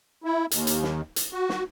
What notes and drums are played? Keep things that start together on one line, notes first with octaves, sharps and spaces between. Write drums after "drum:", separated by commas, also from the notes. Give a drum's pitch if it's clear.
E4
D#2, drum: hi-hat
drum: hi-hat
drum: snare
drum: hi-hat
F#4
drum: snare